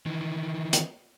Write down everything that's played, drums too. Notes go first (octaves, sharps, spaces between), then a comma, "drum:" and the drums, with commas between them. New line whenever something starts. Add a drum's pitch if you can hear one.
D#3 E3
drum: hi-hat